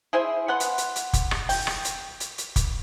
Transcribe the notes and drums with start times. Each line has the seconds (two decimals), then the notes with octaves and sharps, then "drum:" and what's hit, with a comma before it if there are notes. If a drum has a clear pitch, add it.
0.13 E4 G#4 C5 E5
0.48 B3 F#5 C6
0.60 drum: hi-hat
0.78 drum: hi-hat
0.96 drum: hi-hat
1.13 drum: kick, hi-hat
1.31 drum: rim click
1.49 G5, drum: open hi-hat
1.67 drum: rim click
1.85 drum: hi-hat
2.20 drum: hi-hat
2.38 drum: hi-hat
2.56 drum: kick, hi-hat